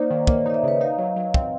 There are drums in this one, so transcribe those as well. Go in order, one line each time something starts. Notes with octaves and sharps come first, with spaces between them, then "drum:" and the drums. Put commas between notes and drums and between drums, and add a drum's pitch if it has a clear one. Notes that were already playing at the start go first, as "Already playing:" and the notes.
Already playing: A#3 D#4 C5 D5
D#3
A#3 C#5 D#5, drum: kick
D#4 D#5
D5 E5
C#3 B4 C#5
D#4 D#5 F5
F#3
F#3
C4, drum: kick